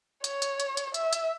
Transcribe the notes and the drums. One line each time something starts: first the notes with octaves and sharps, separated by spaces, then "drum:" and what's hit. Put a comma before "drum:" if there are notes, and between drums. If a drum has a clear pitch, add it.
C#5, drum: hi-hat
drum: hi-hat
drum: hi-hat
drum: hi-hat
E5, drum: hi-hat
drum: hi-hat